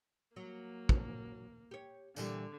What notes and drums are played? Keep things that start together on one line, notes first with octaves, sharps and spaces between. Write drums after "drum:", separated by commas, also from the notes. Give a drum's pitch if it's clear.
F#3 A#3
drum: kick
G4 C#5
A#2 D3 E3 G3, drum: tambourine